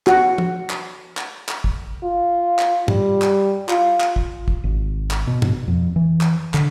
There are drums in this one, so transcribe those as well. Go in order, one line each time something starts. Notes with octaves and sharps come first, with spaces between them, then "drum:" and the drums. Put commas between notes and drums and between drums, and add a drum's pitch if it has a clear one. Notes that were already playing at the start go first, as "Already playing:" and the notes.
F#4, drum: clap
drum: tom
drum: clap
drum: clap
drum: clap
drum: kick
F4
drum: clap
G3, drum: tom G2
drum: clap
F4, drum: clap
drum: clap
drum: kick
drum: kick
G#1
drum: clap
B2
drum: tom G2
F2
E3
drum: clap
D3, drum: clap